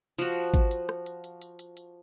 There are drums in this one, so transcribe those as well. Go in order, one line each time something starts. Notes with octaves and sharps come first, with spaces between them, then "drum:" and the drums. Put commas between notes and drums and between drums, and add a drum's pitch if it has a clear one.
F3 F#4, drum: hi-hat
drum: kick G#1, hi-hat
drum: hi-hat
drum: rim click
drum: hi-hat
drum: hi-hat
drum: hi-hat
drum: hi-hat
drum: hi-hat